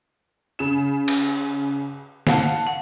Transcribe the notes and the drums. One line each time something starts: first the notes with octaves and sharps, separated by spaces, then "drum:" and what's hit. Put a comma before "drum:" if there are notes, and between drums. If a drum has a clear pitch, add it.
C#3 E7
drum: cymbal
F5 F#5 A5, drum: snare
F#5